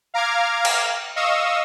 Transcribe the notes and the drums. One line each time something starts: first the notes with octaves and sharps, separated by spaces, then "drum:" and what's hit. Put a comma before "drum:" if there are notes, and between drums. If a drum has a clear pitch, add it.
F5 A#5 D6 F6 G#6
drum: cymbal
D#5 F5 C#6 D#6 E6